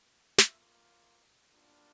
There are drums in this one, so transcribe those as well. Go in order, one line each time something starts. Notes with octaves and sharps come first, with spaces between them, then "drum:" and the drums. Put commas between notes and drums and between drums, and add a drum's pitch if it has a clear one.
A#3 F4 E5, drum: snare
G3 A#3 D4 F4